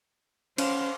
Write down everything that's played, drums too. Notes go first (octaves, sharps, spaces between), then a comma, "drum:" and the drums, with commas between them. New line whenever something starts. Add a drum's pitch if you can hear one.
C#4 C5 F5, drum: cymbal